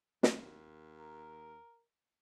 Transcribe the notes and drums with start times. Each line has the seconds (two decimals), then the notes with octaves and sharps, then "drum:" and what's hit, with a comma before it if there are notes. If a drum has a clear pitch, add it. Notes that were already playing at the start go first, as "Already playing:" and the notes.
0.23 D#2, drum: snare
0.99 A#4